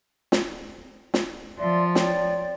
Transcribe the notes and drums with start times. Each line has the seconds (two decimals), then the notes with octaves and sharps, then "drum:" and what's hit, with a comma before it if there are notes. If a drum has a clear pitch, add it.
0.32 drum: snare
1.14 drum: snare
1.60 F3 D5 E5 C6
1.95 C#5 D5 G5, drum: snare